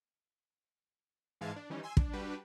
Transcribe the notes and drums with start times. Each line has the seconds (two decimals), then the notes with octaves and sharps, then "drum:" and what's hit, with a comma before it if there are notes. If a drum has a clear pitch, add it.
1.41 G#2 E3 G#3 F5 A5 G#6
1.56 D4
1.70 D#3 E3 G3 C#4 D#4
1.83 G#5 C6 E6
1.97 D4, drum: kick
2.13 G3 D4 F#4 G4 B4